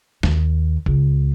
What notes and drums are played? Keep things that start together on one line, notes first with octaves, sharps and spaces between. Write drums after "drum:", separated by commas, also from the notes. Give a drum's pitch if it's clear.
D#2, drum: snare
C#2, drum: kick